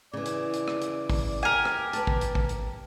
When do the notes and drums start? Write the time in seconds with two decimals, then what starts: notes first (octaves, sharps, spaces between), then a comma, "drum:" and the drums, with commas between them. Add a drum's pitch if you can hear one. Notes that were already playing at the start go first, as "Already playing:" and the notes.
0.13 C#3 E3 D5
0.26 drum: hi-hat
0.54 drum: hi-hat
0.68 drum: rim click
0.82 drum: hi-hat
1.10 drum: kick, open hi-hat
1.43 G4 A#4 G#5
1.65 drum: rim click
1.93 B4 A5, drum: hi-hat
2.07 drum: kick
2.21 drum: hi-hat
2.35 drum: kick
2.49 drum: hi-hat